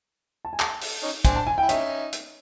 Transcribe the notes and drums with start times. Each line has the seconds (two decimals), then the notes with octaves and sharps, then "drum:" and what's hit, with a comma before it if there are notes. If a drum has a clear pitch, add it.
0.45 A5
0.53 G#5
0.60 A5, drum: clap
0.81 drum: open hi-hat
1.03 C#4 D#4
1.25 C4 D4 G#5, drum: kick, hi-hat
1.36 A5
1.47 G#5
1.58 G5
1.62 E4
1.69 C#4 D#4 E5, drum: hi-hat
2.12 drum: hi-hat